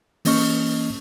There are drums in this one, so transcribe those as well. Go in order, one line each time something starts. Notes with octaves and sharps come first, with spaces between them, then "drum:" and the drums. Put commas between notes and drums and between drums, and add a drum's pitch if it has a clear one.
E3 A#3 C#4 D#5 C#6 F6, drum: open hi-hat